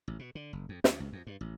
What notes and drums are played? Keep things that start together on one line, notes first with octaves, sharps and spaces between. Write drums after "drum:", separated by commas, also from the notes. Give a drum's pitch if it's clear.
A1
B2
D3
F#1
F2
D#2, drum: snare
C#2
F2
G2
A1